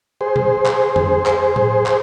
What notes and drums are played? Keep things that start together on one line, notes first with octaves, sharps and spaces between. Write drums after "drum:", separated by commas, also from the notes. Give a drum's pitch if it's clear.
G#4 C5
drum: tom A#2
drum: clap
drum: tom F2
drum: clap
drum: tom A2
drum: clap